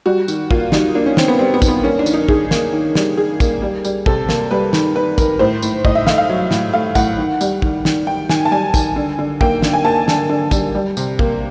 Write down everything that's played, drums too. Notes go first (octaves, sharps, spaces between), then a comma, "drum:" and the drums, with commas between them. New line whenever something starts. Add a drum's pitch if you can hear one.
G3 F#4
D#3, drum: tambourine
A#3 F4, drum: kick
G3 D#4, drum: snare
A#3 D4
C#4
D#3 C4, drum: snare
B3
G3 C4
B3
D#3, drum: kick, tambourine
B3
A#3 C#4
D4
D#3, drum: tambourine
D#4
D#3 G#4, drum: kick
A#3, drum: snare
D#3
G3, drum: snare
D#3 G#4
A#3, drum: kick, tambourine
G3
G3, drum: tambourine
C3 A4, drum: kick
A#3, drum: snare
G3 B4
D#3, drum: snare
D#3 B4
D#3 A#4, drum: kick, tambourine
A2 C5
A2, drum: tambourine
A2 D#5, drum: kick
E5
A3 F5, drum: snare
F5
F#3
A2, drum: snare
A3 F5
A2 F#5, drum: kick, tambourine
D#3
G3, drum: tambourine
D#3, drum: kick
D#3, drum: snare
D#3 G5
D#3 G#5, drum: snare
A5
G3 G#5
D#3, drum: kick, tambourine
D3
D3
A#3 G5, drum: kick
D3, drum: snare
G#5
A#3 A5
D3, drum: snare
D3
G3, drum: kick, tambourine
G3
C3, drum: tambourine
A#3, drum: kick